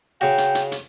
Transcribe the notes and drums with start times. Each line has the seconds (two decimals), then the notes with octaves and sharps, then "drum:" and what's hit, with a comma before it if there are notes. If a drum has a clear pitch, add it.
0.21 C#3 F#4 G5
0.38 drum: hi-hat
0.55 drum: hi-hat
0.72 drum: hi-hat